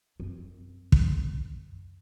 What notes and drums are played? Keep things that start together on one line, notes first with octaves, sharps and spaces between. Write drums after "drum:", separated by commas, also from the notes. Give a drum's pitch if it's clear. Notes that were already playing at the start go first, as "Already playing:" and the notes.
F#2 C4
drum: kick